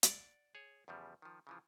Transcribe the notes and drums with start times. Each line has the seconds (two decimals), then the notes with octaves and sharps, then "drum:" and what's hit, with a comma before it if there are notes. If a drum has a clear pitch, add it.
0.03 D5 F#5, drum: hi-hat
0.55 G#4 C#5
0.88 E2 C#3 F3 G3
1.22 D#3 F3
1.47 C#3 E3 F3